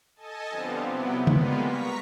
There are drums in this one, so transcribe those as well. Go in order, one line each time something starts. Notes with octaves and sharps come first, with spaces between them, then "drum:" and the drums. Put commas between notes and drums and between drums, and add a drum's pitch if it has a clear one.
A4 D#5 G#5 A5
D3 F3 G3 B3 C4 F4
C3 F#3 B3 E4 G4
G3 G#3 A#3 B3 F4, drum: tom C#3
A#5 C#6 B6